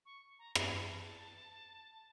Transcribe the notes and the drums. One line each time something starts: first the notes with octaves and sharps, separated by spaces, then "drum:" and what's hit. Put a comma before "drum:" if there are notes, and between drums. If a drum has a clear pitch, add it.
C#6
A#5
A5, drum: rim click